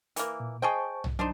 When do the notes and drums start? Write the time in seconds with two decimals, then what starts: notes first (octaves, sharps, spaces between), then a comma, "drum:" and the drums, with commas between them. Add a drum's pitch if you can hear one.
0.16 E3 A#3, drum: hi-hat
0.40 A#2
0.62 G#4 C5 D#5 G5 A5 C#6
1.04 drum: tom
1.19 F#3 D4 D#4 C5